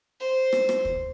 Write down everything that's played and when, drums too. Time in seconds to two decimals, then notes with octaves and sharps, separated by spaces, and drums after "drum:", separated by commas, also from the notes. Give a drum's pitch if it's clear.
0.20 C5
0.53 drum: rim click
0.69 drum: rim click
0.85 drum: kick